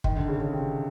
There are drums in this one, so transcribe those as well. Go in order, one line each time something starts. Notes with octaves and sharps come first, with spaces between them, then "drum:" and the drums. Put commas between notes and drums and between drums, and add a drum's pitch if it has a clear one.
D#3, drum: kick
D3
C#3
C#3
C3